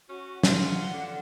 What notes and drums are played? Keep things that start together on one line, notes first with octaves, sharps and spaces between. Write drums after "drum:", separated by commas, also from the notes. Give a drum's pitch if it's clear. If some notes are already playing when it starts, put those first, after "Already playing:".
C#4 F#4
F4 F#5, drum: snare
D3